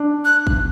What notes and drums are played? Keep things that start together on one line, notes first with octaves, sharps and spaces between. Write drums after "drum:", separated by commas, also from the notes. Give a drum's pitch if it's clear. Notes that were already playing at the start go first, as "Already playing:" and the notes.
Already playing: D4
F#6
drum: kick